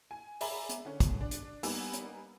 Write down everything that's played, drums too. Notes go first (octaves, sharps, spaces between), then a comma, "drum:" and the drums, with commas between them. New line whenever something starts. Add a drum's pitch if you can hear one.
G#5
G#4 D5 E5 G#5 A#5 B5, drum: open hi-hat
drum: hi-hat
D3 C#4
drum: kick, hi-hat
D4
drum: hi-hat
G3 A#3 B3 D#4 G#5 E6, drum: open hi-hat
drum: hi-hat